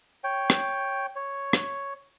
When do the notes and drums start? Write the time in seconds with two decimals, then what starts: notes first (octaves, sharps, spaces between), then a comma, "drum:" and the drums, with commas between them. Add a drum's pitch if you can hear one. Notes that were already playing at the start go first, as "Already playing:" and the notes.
0.24 C#5 G5
0.50 drum: rim click
1.16 C#5
1.53 drum: rim click